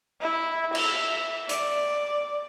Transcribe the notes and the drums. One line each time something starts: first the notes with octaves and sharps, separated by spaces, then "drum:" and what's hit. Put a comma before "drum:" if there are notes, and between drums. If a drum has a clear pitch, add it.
E4
E5, drum: cymbal
D5, drum: hi-hat